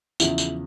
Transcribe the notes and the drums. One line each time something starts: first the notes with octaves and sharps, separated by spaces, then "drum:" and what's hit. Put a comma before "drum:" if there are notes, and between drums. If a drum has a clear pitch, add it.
E2 C#3 F3 E4, drum: tambourine
drum: tambourine